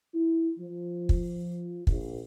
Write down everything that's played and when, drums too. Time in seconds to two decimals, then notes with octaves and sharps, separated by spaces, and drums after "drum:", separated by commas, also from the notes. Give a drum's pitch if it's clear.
0.14 E4
0.58 F3
1.09 drum: kick
1.87 A#1, drum: kick